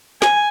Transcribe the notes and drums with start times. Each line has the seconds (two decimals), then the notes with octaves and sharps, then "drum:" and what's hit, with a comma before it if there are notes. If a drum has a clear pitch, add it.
0.22 G#5, drum: snare